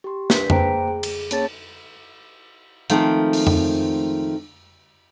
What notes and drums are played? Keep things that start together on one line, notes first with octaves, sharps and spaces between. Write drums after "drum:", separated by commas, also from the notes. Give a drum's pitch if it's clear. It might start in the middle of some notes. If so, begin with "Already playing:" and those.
G4 C6
D4 B4 B6, drum: snare
A#3 G#4 C5 G5 A#5 D7, drum: tom F2
G#4
drum: cymbal
A#3 C#4 G#4 C#5 A5 A6, drum: hi-hat
D#3 F3 G#3 A3 C4, drum: hi-hat
drum: open hi-hat
drum: tom F2